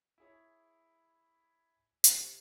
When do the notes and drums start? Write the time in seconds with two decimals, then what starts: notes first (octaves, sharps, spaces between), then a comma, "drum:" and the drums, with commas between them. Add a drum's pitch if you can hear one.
0.18 E4 G#4 C#5
2.04 C3, drum: hi-hat